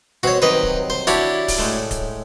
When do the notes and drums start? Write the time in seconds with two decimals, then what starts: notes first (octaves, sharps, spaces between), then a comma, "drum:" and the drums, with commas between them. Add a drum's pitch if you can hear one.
0.23 B2 C4 F#4 C#5
0.42 C3 D#3 F#3 B4 D#5
0.63 drum: kick D1
0.90 C5
1.07 D4 E4 F#4 G4 C#5, drum: hi-hat
1.48 drum: kick D1, open hi-hat
1.58 A2 G#3 A3
1.91 drum: kick D1, hi-hat